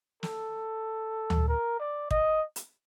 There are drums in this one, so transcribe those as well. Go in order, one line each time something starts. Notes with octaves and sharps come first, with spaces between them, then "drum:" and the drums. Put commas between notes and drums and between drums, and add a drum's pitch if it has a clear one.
A4, drum: snare
drum: tom D2
A#4
D5
D#5, drum: kick
drum: hi-hat